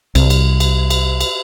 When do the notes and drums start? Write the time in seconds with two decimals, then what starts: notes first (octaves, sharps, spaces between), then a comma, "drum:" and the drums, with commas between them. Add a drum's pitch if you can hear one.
0.15 C2, drum: cymbal
0.30 drum: cymbal
0.60 drum: cymbal
0.90 drum: cymbal
1.21 drum: cymbal